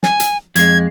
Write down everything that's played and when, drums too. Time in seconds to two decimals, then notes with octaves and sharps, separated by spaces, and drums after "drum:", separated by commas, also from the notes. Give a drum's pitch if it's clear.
0.03 G#5, drum: snare
0.20 drum: hi-hat
0.55 F2 G#3 G#6, drum: hi-hat